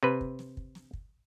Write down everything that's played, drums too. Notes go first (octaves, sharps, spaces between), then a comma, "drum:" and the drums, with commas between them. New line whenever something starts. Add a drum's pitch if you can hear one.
C3 B4
drum: kick
drum: snare
drum: kick
drum: snare
drum: kick